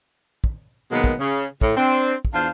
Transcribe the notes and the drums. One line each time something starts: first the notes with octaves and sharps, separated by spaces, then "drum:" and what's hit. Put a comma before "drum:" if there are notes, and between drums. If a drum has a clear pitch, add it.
drum: kick
B2 D#3 F#3 G#3 A#3 B3
drum: kick
C#3
A2, drum: kick
C4 D4
drum: kick
E2 D4 F4 C5 F5